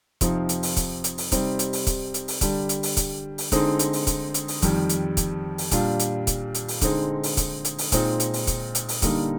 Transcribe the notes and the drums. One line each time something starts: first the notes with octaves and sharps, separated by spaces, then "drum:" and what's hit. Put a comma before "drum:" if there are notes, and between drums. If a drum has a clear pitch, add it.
F2 C3 F3 C4 D#4, drum: kick, hi-hat
drum: hi-hat
drum: open hi-hat
drum: kick, hi-hat
drum: hi-hat
drum: open hi-hat
C3 G3 C4 D#4, drum: kick, hi-hat
drum: hi-hat
drum: open hi-hat
drum: kick, hi-hat
drum: hi-hat
drum: open hi-hat
D3 G3 D4, drum: kick, hi-hat
drum: hi-hat
drum: open hi-hat
drum: kick, hi-hat
drum: open hi-hat
D3 G#3 C4 D#4, drum: kick, hi-hat
drum: hi-hat
drum: open hi-hat
drum: kick, hi-hat
drum: hi-hat
drum: open hi-hat
F2 D#3 G3, drum: kick, hi-hat
drum: hi-hat
drum: kick, hi-hat
drum: open hi-hat
A#2 G3 D4 F4, drum: kick, hi-hat
drum: hi-hat
drum: kick, hi-hat
drum: hi-hat
drum: open hi-hat
D3 G#3 C4 D#4, drum: kick, hi-hat
drum: open hi-hat
drum: kick, hi-hat
drum: hi-hat
drum: open hi-hat
A#2 G#3 C4 D#4, drum: kick, hi-hat
drum: hi-hat
drum: open hi-hat
drum: kick, hi-hat
drum: hi-hat
drum: open hi-hat
D3 G3 A#3 D#4, drum: kick, hi-hat